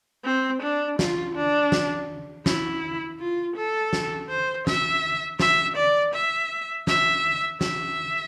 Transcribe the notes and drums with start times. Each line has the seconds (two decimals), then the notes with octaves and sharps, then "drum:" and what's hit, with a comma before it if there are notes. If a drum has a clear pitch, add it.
0.24 C4
0.62 D4
0.99 F4, drum: snare
1.35 D4
1.72 drum: snare
2.46 E4, drum: snare
3.19 F4
3.56 A4
3.93 drum: snare
4.29 C5
4.67 E5, drum: snare
5.40 E5, drum: snare
5.76 D5
6.14 E5
6.87 E5, drum: snare
7.61 E5, drum: snare